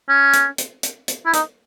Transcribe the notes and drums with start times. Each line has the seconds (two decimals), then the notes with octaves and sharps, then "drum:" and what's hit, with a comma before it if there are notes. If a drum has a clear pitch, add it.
0.09 C#4
0.33 drum: hi-hat
0.58 drum: hi-hat
0.83 drum: hi-hat
1.08 drum: hi-hat
1.26 E4
1.33 D#4, drum: hi-hat